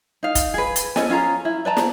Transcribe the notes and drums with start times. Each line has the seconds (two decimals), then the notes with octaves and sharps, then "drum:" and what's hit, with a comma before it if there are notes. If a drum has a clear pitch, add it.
0.23 D#4 F5
0.35 drum: kick, hi-hat
0.54 G#4 B4
0.76 drum: hi-hat
0.96 C#4 A4 D#5 G#5, drum: snare
1.10 C#4 F4 G#4 A#5
1.45 E4
1.65 B4 D5 A5 A#5
1.77 drum: snare